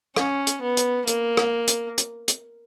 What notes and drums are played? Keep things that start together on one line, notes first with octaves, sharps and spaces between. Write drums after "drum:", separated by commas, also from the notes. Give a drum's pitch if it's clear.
C#4, drum: rim click
drum: hi-hat
B3
drum: hi-hat
A#3, drum: hi-hat
drum: rim click
drum: hi-hat
drum: hi-hat
drum: hi-hat